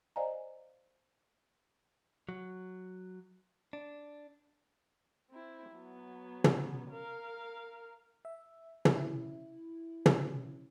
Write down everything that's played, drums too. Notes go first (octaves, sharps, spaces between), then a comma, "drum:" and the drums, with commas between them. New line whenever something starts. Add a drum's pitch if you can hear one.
C5 D5 D#5 F5 G#5 A#5
F#3
D4
C4 E4
F#3 B3
drum: tom
A#4 F5
E5
drum: tom
E4
drum: tom